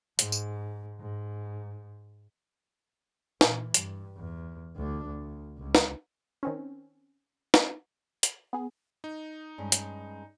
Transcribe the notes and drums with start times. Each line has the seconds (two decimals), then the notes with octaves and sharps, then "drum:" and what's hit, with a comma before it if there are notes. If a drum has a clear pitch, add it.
0.19 G#2, drum: hi-hat
0.32 drum: tambourine
1.00 G#2
3.41 A#2 E3, drum: snare
3.74 G2, drum: hi-hat
4.17 E2
4.77 D2 D4
5.06 D2
5.58 C#2
5.75 drum: snare
6.43 D#3 C4 C#4
7.54 drum: snare
8.23 drum: hi-hat
8.53 B3 G#4
9.04 D#4
9.58 G2 G#3 C#4
9.72 drum: hi-hat